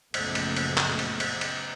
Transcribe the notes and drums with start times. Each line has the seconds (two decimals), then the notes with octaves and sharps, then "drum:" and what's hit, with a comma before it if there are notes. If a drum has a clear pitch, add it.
0.14 A#1 F#2 A#2 C#3 A3 B3, drum: cymbal
0.35 drum: cymbal
0.56 drum: cymbal
0.78 drum: clap
0.99 drum: cymbal
1.20 drum: cymbal
1.41 drum: cymbal